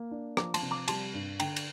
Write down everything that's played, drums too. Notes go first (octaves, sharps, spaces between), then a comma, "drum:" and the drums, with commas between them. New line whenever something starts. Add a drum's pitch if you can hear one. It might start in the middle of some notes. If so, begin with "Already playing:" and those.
Already playing: A#3
D4
F3 A#5 D6, drum: rim click
A5 C6, drum: cymbal
C3
A#5 D6
G3 A5 C6, drum: cymbal
G2
D3 G5 A#5, drum: cymbal
drum: cymbal